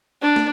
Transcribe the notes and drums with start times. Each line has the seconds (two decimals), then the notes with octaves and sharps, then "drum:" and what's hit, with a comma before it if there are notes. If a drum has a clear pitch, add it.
0.22 D4
0.36 drum: snare